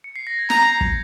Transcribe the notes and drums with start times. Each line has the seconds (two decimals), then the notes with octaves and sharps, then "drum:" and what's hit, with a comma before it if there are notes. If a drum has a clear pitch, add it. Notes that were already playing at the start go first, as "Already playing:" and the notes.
0.04 C#7
0.16 C7
0.27 A#6
0.39 G#6
0.50 A#5 G6, drum: snare
0.81 drum: kick